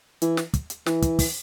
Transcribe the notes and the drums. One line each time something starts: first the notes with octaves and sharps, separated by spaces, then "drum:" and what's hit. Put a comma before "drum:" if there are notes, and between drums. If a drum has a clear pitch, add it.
E3, drum: hi-hat
drum: snare
drum: kick, hi-hat
drum: hi-hat
E3, drum: snare
drum: kick, hi-hat
drum: kick, open hi-hat